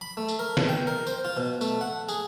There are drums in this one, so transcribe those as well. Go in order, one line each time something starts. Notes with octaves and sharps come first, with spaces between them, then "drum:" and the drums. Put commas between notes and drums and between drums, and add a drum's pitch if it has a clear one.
B5
A3
drum: tambourine
A#4
B2, drum: snare
G5
A#4
C5, drum: tambourine
F4
B2
A3, drum: tambourine
F#5
G#4, drum: tambourine